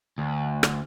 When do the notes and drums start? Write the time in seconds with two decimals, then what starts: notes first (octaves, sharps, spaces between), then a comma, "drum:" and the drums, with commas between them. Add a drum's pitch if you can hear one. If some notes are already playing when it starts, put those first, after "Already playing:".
0.18 D2
0.63 drum: rim click